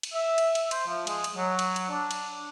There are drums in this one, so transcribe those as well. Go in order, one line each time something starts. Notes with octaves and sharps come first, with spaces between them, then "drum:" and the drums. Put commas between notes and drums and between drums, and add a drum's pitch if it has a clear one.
drum: cymbal
E5
drum: cymbal
drum: cymbal
C5, drum: cymbal
F3
G#3, drum: cymbal
drum: cymbal
F#3
drum: cymbal
drum: cymbal
D4
drum: cymbal